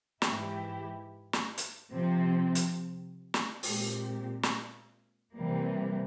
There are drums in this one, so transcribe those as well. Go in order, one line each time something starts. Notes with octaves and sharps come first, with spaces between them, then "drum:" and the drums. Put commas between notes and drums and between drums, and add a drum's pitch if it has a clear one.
G#2 E3 G#3 E4 G4, drum: snare
drum: snare
drum: hi-hat
C3 F3 C4
drum: hi-hat
drum: snare
A#2 G#3 C4 G4, drum: open hi-hat
drum: snare
C3 E3 G3 A#3